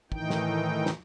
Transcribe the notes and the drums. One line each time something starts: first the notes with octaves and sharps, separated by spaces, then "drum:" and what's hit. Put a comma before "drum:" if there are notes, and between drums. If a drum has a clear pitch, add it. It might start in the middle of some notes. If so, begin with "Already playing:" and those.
A2 D#3 E3 D#4 G5, drum: kick
drum: snare
drum: snare